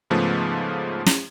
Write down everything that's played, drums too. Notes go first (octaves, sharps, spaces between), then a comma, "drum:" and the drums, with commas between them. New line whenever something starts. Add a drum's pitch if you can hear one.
G#2 C#3 F3 A3 B3
drum: snare